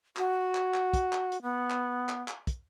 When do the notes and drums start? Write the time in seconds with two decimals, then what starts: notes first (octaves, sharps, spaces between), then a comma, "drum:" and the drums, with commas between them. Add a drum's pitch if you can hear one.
0.17 F#4, drum: clap
0.55 drum: clap
0.74 drum: clap
0.93 drum: kick, hi-hat
1.13 drum: clap
1.32 drum: hi-hat
1.42 B3
1.70 drum: clap
2.09 drum: clap
2.28 drum: clap
2.47 drum: kick, hi-hat